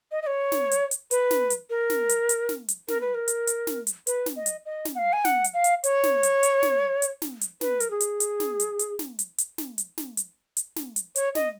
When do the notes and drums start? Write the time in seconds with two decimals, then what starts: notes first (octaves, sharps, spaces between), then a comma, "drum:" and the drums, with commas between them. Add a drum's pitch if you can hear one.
0.12 D#5
0.22 D#5
0.27 C#5
0.52 drum: snare
0.71 drum: hi-hat
0.91 drum: hi-hat
1.11 B4, drum: hi-hat
1.31 drum: snare
1.50 drum: hi-hat
1.70 A#4
1.90 drum: snare
2.09 drum: hi-hat
2.29 drum: hi-hat
2.49 drum: snare
2.69 drum: hi-hat
2.88 A#4, drum: snare
3.01 B4
3.15 A#4
3.28 drum: hi-hat
3.47 drum: hi-hat
3.67 drum: snare
3.87 drum: hi-hat
4.07 B4, drum: hi-hat
4.26 drum: snare
4.36 D#5
4.46 drum: hi-hat
4.66 D#5
4.85 drum: snare
4.95 F#5
4.99 F5
5.13 G#5
5.25 F#5, drum: snare
5.44 drum: hi-hat
5.54 F5
5.64 drum: hi-hat
5.84 C#5, drum: hi-hat
6.03 drum: snare
6.23 drum: hi-hat
6.43 drum: hi-hat
6.63 drum: snare
7.02 drum: hi-hat
7.22 drum: snare
7.41 drum: hi-hat
7.61 B4, drum: snare
7.80 A#4, drum: hi-hat
7.91 G#4
8.00 drum: hi-hat
8.20 drum: hi-hat
8.40 drum: snare
8.60 drum: hi-hat
8.79 drum: hi-hat
8.99 drum: snare
9.19 drum: hi-hat
9.38 drum: hi-hat
9.58 drum: snare
9.78 drum: hi-hat
9.98 drum: snare
10.17 drum: hi-hat
10.57 drum: hi-hat
10.76 drum: snare
10.96 drum: hi-hat
11.16 C#5, drum: hi-hat
11.35 D#5, drum: snare